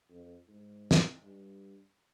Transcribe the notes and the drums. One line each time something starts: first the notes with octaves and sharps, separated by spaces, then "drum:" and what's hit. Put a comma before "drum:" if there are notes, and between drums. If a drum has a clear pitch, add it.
F2
G#2
drum: snare
G2